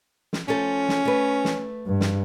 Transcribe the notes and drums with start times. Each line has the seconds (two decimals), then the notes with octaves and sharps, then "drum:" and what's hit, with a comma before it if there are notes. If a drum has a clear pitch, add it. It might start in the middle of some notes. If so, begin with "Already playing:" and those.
0.33 drum: snare
0.48 F3 A3 C#4 A4
0.89 drum: snare
1.05 A3 B4
1.45 drum: snare
1.87 G2
2.01 drum: snare